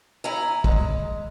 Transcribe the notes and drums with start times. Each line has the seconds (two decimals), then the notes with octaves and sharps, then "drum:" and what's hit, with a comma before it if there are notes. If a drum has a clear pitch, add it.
0.24 E4 G#5 A#5
0.64 G#3, drum: kick